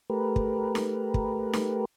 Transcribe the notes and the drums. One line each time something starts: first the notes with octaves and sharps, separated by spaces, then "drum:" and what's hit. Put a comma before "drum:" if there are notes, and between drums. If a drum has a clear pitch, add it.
A3 G4 A#4 B4
drum: kick
drum: snare D#4
drum: kick
drum: snare D#4